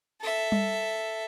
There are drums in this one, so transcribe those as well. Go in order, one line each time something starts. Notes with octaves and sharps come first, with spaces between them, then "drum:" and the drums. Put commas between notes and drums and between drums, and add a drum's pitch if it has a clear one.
A4 E5
drum: tom G3